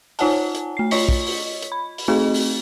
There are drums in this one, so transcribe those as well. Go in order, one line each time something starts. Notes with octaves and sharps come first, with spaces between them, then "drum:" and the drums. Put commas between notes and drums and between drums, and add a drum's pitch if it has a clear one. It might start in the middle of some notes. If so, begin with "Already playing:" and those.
D#4 F4 C#5 F#5 G#5 A5, drum: open hi-hat
drum: hi-hat
A3 C7
F4 C#5 D#5 C#6 B6 C#7, drum: open hi-hat
drum: kick
drum: open hi-hat
drum: hi-hat
B5
drum: open hi-hat
A3 C4 D#4 F#4 G#4 D#5
drum: open hi-hat